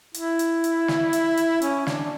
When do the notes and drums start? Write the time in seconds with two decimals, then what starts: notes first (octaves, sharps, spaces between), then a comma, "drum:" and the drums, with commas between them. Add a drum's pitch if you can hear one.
0.14 E4, drum: hi-hat
0.39 drum: hi-hat
0.64 drum: hi-hat
0.88 drum: snare
1.13 drum: hi-hat
1.37 drum: hi-hat
1.62 C#4, drum: hi-hat
1.87 D4, drum: snare